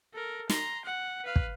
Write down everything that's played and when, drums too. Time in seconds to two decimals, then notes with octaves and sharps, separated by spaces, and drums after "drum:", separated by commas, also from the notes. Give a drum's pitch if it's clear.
0.13 A4 A#4
0.50 A#5 C6, drum: snare
0.85 F#5
1.25 B4 F5
1.36 drum: kick